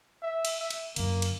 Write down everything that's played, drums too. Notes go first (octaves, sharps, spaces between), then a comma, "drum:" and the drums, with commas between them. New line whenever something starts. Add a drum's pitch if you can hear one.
E5
drum: cymbal
E5
drum: cymbal
F#2 D3 A#3, drum: cymbal
drum: cymbal